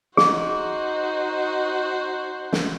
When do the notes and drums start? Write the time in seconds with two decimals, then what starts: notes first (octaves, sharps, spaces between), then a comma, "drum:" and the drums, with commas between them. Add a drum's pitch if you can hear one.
0.17 D#4 F#4 G#4 C5, drum: snare
2.53 drum: snare